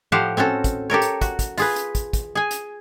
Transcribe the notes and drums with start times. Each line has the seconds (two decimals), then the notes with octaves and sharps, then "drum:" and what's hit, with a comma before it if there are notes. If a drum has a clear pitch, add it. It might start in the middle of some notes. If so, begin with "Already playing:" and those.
0.12 A2 F3 G4 C5 F5 F#5
0.37 C4 C#4 F#4 A4
0.64 drum: kick, hi-hat
0.90 G4 A4 A#4 C#5
1.02 drum: hi-hat
1.21 F#4, drum: kick, hi-hat
1.39 drum: kick, hi-hat
1.58 F4 G#4 B4, drum: open hi-hat
1.76 drum: hi-hat
1.95 drum: kick, hi-hat
2.13 drum: kick, hi-hat
2.35 G#4 G#5
2.51 drum: hi-hat